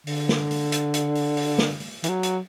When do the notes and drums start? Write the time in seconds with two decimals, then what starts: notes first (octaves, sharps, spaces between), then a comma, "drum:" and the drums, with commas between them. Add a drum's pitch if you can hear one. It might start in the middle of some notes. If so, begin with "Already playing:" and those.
0.07 D3, drum: open hi-hat
0.29 drum: snare
0.50 drum: open hi-hat
0.72 drum: hi-hat
0.94 drum: hi-hat
1.15 drum: open hi-hat
1.37 drum: open hi-hat
1.58 drum: snare
1.80 drum: open hi-hat
2.04 E3, drum: hi-hat
2.09 F#3
2.23 drum: hi-hat